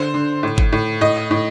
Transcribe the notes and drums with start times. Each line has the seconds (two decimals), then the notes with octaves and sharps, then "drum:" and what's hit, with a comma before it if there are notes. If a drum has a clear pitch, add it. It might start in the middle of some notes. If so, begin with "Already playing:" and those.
Already playing: D3 C5
0.14 D3
0.43 A2
0.58 drum: kick G1
0.73 A2
1.01 A2 D#5
1.31 A2